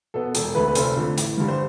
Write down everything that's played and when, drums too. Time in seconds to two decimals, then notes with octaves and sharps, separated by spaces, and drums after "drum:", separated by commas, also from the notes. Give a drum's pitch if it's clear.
0.14 B2 B3 A4
0.35 E1 A4, drum: hi-hat
0.55 D2 D3 A3 B4
0.68 B4
0.75 F1 A4 C5, drum: hi-hat
0.96 F2 D3 A3
1.18 A1, drum: hi-hat
1.38 G2 D3 G3
1.48 C5